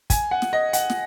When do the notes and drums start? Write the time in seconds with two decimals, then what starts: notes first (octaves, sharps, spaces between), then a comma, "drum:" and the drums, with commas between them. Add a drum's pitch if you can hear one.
0.10 G#5, drum: kick, hi-hat
0.31 F#5
0.42 drum: snare
0.53 D#5
0.73 F#5, drum: hi-hat
0.90 drum: snare